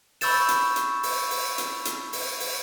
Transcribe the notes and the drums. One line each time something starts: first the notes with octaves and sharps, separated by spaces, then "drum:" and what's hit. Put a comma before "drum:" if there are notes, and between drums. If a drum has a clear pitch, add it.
B5 C#6 E6 G6 A6 E7, drum: open hi-hat
drum: hi-hat
drum: hi-hat
drum: open hi-hat
drum: open hi-hat
drum: hi-hat
drum: hi-hat
drum: open hi-hat
drum: open hi-hat